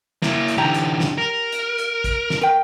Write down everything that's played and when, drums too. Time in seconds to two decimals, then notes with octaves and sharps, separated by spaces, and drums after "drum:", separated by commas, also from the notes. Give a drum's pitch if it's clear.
0.22 A#3 E4, drum: snare
0.48 drum: hi-hat
0.58 D3 E3 G4 C#5 A#5
0.74 drum: hi-hat
1.00 drum: snare
1.18 A#4
1.52 drum: hi-hat
1.78 drum: hi-hat
2.04 drum: kick, hi-hat
2.30 drum: snare
2.41 A#4 G5